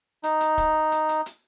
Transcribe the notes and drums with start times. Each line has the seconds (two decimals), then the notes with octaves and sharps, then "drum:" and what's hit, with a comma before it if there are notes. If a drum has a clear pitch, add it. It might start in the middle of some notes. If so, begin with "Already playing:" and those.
0.23 D#4, drum: hi-hat
0.41 drum: hi-hat
0.58 drum: kick D1, hi-hat
0.92 drum: hi-hat
1.09 drum: hi-hat
1.26 drum: hi-hat